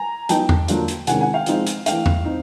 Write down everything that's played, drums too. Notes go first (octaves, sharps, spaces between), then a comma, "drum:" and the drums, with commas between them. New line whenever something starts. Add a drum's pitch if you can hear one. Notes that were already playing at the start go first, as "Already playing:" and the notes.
Already playing: G#5 A#5
F#3 B3 D#4 G5 A5, drum: hi-hat
drum: tom E2
D3 F#3 A#3 D4 F4, drum: hi-hat
drum: hi-hat
C3 D#3 G#3 C#4 F#5 G#5, drum: hi-hat
F#5 G#5
F5 G5
F3 G#3 C4 D#4, drum: hi-hat
drum: hi-hat
E3 A3 D4 F5 G5, drum: hi-hat
drum: tom E2
C4 D#4